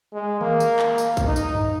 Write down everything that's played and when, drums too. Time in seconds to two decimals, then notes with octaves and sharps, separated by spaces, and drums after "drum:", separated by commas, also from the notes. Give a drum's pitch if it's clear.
0.13 G#3
0.41 A#3, drum: tom D#3
0.60 drum: tambourine
0.79 drum: clap
0.98 drum: tambourine
1.17 drum: kick A#1, tambourine
1.27 D#4
1.36 drum: tambourine
1.55 drum: tom F#2